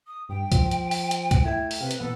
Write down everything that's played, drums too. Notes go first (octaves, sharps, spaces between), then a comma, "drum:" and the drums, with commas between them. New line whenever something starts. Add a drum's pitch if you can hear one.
D#6
G2 G5
F3, drum: kick, hi-hat
drum: hi-hat
drum: open hi-hat
drum: hi-hat
drum: kick, hi-hat
A3 E4 G5 G#6
drum: open hi-hat
C3 B4 F5
drum: hi-hat
A#2 E3 B3 A4 F#5